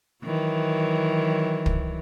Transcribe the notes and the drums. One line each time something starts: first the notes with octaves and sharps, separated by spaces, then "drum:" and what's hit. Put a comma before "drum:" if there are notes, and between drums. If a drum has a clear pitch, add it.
D#3 E3 F#3
drum: kick